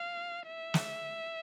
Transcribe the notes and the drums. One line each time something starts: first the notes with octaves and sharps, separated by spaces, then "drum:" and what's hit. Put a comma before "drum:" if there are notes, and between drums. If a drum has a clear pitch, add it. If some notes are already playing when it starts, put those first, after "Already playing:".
Already playing: F5
E5
drum: snare